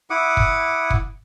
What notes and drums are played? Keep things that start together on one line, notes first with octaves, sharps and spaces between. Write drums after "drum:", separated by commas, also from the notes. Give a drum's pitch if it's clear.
E4 F#5 D6 D#6
drum: kick
drum: kick